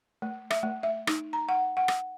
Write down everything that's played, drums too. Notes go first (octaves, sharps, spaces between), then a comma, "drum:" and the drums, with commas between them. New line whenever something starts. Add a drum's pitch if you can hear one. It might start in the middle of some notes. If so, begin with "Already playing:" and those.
A3
E5, drum: rim click
A3
E5
D#4, drum: rim click
A#5
F#5
F#5
drum: rim click